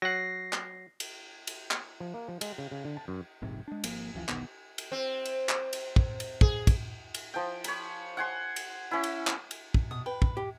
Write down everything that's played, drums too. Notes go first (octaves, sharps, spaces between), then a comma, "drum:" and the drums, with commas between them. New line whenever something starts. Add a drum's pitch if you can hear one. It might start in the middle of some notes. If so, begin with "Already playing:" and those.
F#3 F#5 A#6 C7
drum: clap
drum: cymbal
drum: cymbal
drum: clap
F3
A#3
F3
G#3, drum: cymbal
C#3
C#3
D3
A5
F#2
F1 A#1 G#2 C3
G#3 D4
G#1 F3 A#3, drum: cymbal
F#1 C#2 E3 F3
E1 B1 D#3 B3, drum: clap
drum: cymbal
C4
drum: cymbal
drum: clap
drum: cymbal
drum: kick
drum: cymbal
G#4, drum: kick
drum: kick, cymbal
drum: cymbal
F3 G5
C#5 B5, drum: cymbal
F#5 G#5 C6
drum: cymbal
C#4 E4
drum: cymbal
drum: clap
drum: cymbal
drum: kick
B2 D#6
B4 G5
drum: kick
G4